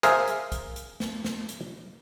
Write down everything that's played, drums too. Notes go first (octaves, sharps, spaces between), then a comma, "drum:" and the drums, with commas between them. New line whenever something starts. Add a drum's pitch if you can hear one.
G#4 A#4 C5 E5 F5, drum: hi-hat
drum: hi-hat
drum: kick, hi-hat
drum: hi-hat
drum: snare
drum: snare
drum: hi-hat